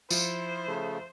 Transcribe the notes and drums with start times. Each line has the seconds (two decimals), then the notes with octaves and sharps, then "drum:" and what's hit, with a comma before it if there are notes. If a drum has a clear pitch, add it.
0.10 F3 E4 C5, drum: tambourine
0.68 C#3 A3